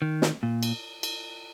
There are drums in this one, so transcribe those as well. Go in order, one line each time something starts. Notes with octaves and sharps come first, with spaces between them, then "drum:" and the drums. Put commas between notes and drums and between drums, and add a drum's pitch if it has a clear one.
D#3
drum: snare
A#2
drum: cymbal
drum: cymbal